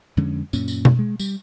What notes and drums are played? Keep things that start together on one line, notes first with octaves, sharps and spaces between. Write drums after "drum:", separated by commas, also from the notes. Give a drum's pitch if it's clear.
F2 D3 G#3 C#4
F#2 A#2 C#4, drum: tambourine
drum: tambourine
drum: tom B2
G#3
G3, drum: tambourine